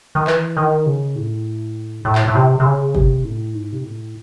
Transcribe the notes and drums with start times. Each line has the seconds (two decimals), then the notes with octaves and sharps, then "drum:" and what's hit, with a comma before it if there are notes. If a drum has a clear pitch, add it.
0.15 D#3
0.27 E3, drum: clap
0.57 D#3
0.86 C#3
1.16 A2
2.05 A2
2.15 drum: clap
2.28 A2
2.35 C3
2.60 C3
2.65 C#3
2.95 C3, drum: kick
3.24 A2
3.54 G#2
3.72 C3
3.84 A2